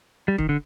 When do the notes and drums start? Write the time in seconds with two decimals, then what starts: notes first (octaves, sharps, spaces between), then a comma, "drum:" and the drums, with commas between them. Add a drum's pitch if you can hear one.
0.28 G3
0.38 D#3, drum: kick
0.49 D3